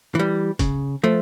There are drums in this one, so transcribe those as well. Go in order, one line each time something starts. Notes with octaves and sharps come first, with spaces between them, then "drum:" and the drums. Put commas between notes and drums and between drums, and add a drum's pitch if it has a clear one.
E3 G3
C#3, drum: kick, hi-hat
F3 A3